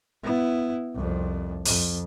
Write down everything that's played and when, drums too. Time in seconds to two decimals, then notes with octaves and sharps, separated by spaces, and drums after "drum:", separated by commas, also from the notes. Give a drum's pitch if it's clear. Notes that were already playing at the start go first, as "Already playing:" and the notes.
0.23 B3 E4
0.94 C2 F2
1.65 F2, drum: open hi-hat